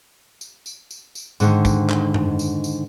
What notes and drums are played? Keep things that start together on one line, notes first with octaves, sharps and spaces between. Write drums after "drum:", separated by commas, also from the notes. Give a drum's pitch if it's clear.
drum: tambourine
drum: tambourine
drum: tambourine
drum: tambourine
G#2 D3 D#3, drum: tambourine
drum: kick, tambourine
drum: clap
drum: tom F#2
drum: tambourine
drum: tambourine